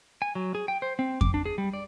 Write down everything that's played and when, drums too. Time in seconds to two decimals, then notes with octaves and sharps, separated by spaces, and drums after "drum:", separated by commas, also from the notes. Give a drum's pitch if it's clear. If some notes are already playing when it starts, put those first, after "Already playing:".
0.22 G#5
0.35 F#3
0.55 G#4
0.68 G5
0.82 C5
0.99 C4
1.21 D6, drum: kick F2
1.34 D4
1.46 G#4
1.58 G3
1.73 D5